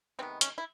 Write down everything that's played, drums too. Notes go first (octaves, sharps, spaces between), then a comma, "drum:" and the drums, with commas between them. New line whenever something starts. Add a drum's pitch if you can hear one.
C3 D#3 G#3 B3 C4
C#4, drum: hi-hat
E4